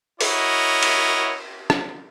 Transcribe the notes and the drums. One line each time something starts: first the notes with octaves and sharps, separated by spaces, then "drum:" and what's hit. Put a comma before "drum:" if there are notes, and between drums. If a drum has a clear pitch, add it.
E4 F#4 A#4 C#5 D#5, drum: open hi-hat
drum: cymbal
drum: rim click